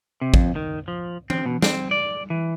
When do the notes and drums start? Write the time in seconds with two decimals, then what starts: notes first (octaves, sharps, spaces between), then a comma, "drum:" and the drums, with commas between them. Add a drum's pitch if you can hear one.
0.21 C3
0.34 F2, drum: kick
0.56 D#3
0.88 F3
1.30 C4, drum: tom E3
1.46 B2
1.62 C4, drum: snare
1.91 D5
2.30 E3